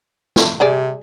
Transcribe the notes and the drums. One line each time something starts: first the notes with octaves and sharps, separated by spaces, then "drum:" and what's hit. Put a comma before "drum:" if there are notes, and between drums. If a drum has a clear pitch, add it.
drum: snare
C3 G3 G#4 D5